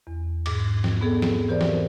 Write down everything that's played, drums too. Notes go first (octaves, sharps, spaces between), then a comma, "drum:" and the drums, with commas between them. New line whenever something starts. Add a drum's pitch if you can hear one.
E2
G#2 D6, drum: cymbal
drum: snare
B3 G#4 A4
drum: snare
E3 G4 A#4 C5 D5
drum: snare